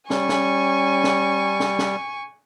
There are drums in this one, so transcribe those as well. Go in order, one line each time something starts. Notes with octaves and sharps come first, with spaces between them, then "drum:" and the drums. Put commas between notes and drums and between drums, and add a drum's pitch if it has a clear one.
G3 C#4 G#5 C#6, drum: snare
drum: snare
drum: snare
drum: snare
drum: snare